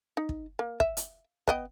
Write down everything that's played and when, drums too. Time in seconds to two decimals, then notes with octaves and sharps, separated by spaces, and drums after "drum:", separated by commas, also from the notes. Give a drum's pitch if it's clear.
0.17 D#4
0.29 drum: kick
0.59 A#3
0.80 E5, drum: kick
0.97 drum: hi-hat
1.48 B3 D#5 G5, drum: kick